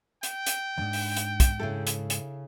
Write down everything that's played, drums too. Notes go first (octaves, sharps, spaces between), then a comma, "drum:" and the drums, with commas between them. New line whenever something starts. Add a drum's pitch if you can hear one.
G5, drum: hi-hat
drum: hi-hat
D#2 G#2 D4
drum: open hi-hat
drum: hi-hat
drum: kick, hi-hat
C#3 E4 A4
drum: hi-hat
drum: hi-hat